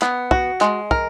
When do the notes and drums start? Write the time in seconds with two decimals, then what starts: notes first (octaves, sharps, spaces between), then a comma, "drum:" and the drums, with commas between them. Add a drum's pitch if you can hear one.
0.02 B3, drum: clap
0.31 F#4, drum: kick
0.61 G#3, drum: clap
0.91 A#4, drum: kick